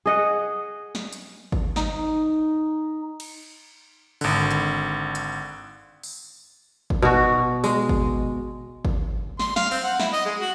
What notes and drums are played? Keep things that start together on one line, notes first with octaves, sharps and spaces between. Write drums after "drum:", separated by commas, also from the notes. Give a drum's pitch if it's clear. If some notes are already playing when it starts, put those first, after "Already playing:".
G#4 D#5 F#5
drum: snare
drum: hi-hat
drum: kick G#1
D#4, drum: snare
drum: cymbal
G#1 D3, drum: open hi-hat
drum: hi-hat
drum: hi-hat
drum: open hi-hat
drum: kick G#1
B2 F#4
G#3, drum: tambourine
drum: kick G#1
drum: kick G#1
C6, drum: snare
F5, drum: snare
C4, drum: open hi-hat
F#5
E4, drum: snare
D#5
G#3
F#4